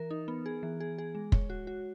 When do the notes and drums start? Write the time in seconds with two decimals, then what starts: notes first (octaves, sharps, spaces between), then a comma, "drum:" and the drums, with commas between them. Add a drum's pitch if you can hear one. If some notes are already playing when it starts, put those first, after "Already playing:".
Already playing: E3 A#4
0.11 D#4
0.28 B3
0.46 G#4
0.63 E3
0.80 G#4
0.98 G#4
1.15 G#3
1.32 C#5, drum: kick
1.50 F#4
1.67 F#4